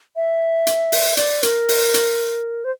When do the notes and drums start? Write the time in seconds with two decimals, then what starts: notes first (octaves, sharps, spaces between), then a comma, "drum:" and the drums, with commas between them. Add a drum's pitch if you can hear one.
0.16 E5
0.67 drum: hi-hat
0.92 drum: open hi-hat
1.17 D5, drum: hi-hat
1.43 A#4, drum: hi-hat
1.69 drum: open hi-hat
1.94 drum: hi-hat
2.64 C5